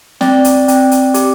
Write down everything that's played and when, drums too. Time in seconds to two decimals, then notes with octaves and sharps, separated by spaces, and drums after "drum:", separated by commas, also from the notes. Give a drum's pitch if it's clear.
0.21 C4 D5, drum: snare
0.44 drum: hi-hat
0.68 C4, drum: hi-hat
0.91 drum: hi-hat
1.14 G4, drum: hi-hat